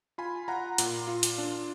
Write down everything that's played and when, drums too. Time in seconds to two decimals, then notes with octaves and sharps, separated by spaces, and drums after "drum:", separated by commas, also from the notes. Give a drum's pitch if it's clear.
0.18 F4 G#5 B5
0.48 F4 F#5 A#5
0.78 A#2, drum: hi-hat
1.08 F4
1.23 drum: hi-hat
1.38 D4